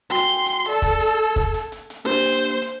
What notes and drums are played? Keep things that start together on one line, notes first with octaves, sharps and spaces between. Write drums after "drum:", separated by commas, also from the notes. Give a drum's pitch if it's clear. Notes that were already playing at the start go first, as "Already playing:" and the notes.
F#4 G5 G#5 C6, drum: hi-hat
drum: hi-hat
drum: hi-hat
A4 D5 A5
drum: kick, hi-hat
drum: hi-hat
G#6
drum: kick, hi-hat
drum: hi-hat
drum: hi-hat
drum: hi-hat
A#3 D4 G4 C5
drum: hi-hat
drum: hi-hat
drum: hi-hat